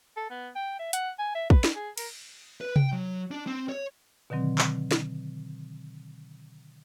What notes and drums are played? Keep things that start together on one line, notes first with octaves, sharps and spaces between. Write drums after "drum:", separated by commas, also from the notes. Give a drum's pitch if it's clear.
A4
B3
G5
E5
F#5, drum: hi-hat
G#5
E5
B4, drum: kick
drum: snare
G#4
A#4, drum: cymbal
B4
G5, drum: tom C3
F#3
D4
C4
C#5
B2 D3 D#3 F#3 C4
drum: clap
drum: snare